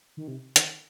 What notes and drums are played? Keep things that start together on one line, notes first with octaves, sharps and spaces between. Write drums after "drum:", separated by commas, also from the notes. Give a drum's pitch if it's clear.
D#3
C3
D#3, drum: hi-hat